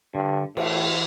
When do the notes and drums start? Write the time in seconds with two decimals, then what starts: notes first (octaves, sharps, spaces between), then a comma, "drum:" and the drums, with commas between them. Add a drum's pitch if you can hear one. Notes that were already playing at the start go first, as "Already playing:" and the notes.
0.14 G2 D3
0.57 A2 E3, drum: cymbal